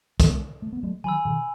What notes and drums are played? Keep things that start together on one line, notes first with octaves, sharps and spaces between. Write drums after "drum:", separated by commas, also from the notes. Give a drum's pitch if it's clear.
G#3 B3, drum: kick, hi-hat
A3
B3
F#3 A3
D#3 F#3 G#5 B5 E6
B2 D#3